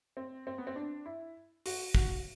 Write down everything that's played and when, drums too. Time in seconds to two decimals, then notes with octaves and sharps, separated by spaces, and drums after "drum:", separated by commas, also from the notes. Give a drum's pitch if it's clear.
0.17 C4
0.47 C4
0.58 B3
0.67 C4
0.76 D4
1.06 E4
1.66 F#4, drum: open hi-hat
1.95 F#4, drum: kick